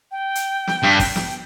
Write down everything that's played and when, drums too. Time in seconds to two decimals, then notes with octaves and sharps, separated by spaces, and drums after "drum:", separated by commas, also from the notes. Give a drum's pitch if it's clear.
0.11 G5
0.35 drum: hi-hat
0.67 drum: snare
0.83 G2
1.00 drum: kick, open hi-hat
1.16 drum: snare